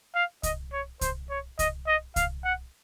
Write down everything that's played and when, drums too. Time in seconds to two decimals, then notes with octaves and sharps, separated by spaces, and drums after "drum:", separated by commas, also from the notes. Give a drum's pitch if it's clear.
0.15 F5
0.43 D#5, drum: kick C2, hi-hat
0.73 C#5
1.01 C5, drum: kick C2, hi-hat
1.30 C#5
1.59 D#5, drum: kick C2, hi-hat
1.87 D#5
2.16 F5, drum: kick C2, hi-hat
2.45 F#5